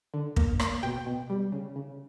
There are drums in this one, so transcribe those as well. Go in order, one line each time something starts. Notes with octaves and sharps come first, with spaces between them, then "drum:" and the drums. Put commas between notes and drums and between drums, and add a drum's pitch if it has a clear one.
D3
A#3, drum: kick
A#3, drum: rim click
B2 G5
B2
G3
C#3
C#3